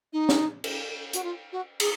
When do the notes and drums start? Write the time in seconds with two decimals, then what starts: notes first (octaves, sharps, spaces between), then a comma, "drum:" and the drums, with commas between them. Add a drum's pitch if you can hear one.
0.13 D#4
0.29 drum: snare
0.64 drum: cymbal
1.13 F#4, drum: hi-hat
1.23 F4
1.52 F#4
1.80 G#4, drum: cymbal